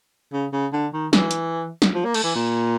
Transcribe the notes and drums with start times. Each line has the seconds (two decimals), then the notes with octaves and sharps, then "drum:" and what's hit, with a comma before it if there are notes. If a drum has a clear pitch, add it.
0.33 C#3
0.53 C#3
0.73 D3
0.93 D#3
1.13 E3, drum: snare
1.31 drum: hi-hat
1.82 drum: snare
1.94 F3
2.04 A#3
2.14 A3, drum: cymbal
2.24 E3
2.35 A#2